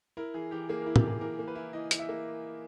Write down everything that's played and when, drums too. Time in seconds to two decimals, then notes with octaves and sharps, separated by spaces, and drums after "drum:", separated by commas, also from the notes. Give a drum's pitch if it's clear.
0.17 E4 A#4
0.34 E3 G#4
0.51 E3 G4
0.69 A#3 G#4
0.81 E4 A#4
0.96 G4, drum: tom
1.04 E3 G#4
1.21 E3 A#4
1.39 A#3
1.48 B4
1.55 E4
1.73 E3 D#5
1.91 E3, drum: hi-hat
1.99 E5
2.09 A#3